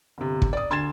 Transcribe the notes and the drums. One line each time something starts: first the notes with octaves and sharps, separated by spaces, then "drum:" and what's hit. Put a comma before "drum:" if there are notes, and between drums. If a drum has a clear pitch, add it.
G1 C3
drum: kick
D5 D#6
D2 C6 G#6 A6 E7